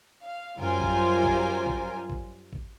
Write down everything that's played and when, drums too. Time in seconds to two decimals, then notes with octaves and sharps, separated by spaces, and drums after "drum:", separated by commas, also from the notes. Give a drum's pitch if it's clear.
0.21 F5
0.59 F#2 G3 F4 A#4 C5 G#5
0.81 drum: kick
1.24 drum: kick
1.67 drum: kick
2.10 drum: kick
2.53 drum: kick